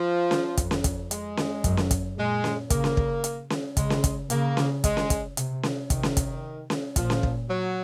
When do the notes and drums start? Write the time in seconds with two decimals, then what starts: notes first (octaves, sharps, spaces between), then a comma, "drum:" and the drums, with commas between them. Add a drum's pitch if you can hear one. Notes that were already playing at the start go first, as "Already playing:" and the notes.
Already playing: F3
0.31 drum: snare C#4
0.57 F2, drum: kick, hi-hat
0.71 drum: snare C#4
0.84 drum: kick, hi-hat
1.11 G#3, drum: hi-hat
1.37 drum: snare C#4
1.64 F#2, drum: kick, hi-hat
1.77 drum: snare C#4
1.91 drum: kick, hi-hat
2.17 A#2 G#3
2.44 drum: snare C#4
2.70 C#3 A#3, drum: kick, hi-hat
2.84 drum: snare C#4
2.97 drum: kick
3.24 drum: hi-hat
3.50 drum: snare C#4
3.77 C#3 G#3, drum: kick, hi-hat
3.90 drum: snare C#4
4.04 drum: kick, hi-hat
4.30 C#3 A#3, drum: hi-hat
4.57 drum: snare C#4
4.84 G#3, drum: kick, hi-hat
4.97 drum: snare C#4
5.10 drum: kick, hi-hat
5.37 C3, drum: hi-hat
5.63 drum: snare C#4
5.90 C3 D#3, drum: kick, hi-hat
6.03 drum: snare C#4
6.17 drum: kick, hi-hat
6.70 drum: snare C#4
6.96 A#2 F3, drum: kick, hi-hat
7.10 drum: snare C#4
7.23 drum: kick
7.50 F#3